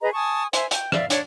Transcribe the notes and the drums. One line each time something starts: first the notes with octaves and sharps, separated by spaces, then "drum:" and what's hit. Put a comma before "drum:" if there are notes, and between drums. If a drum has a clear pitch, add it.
G#4 B4 D#5 A#5
G#5 A5 C#6 D#6
C5 E5 G#5, drum: hi-hat
G5, drum: hi-hat
D5 E5 F5, drum: rim click
D4 C#5, drum: hi-hat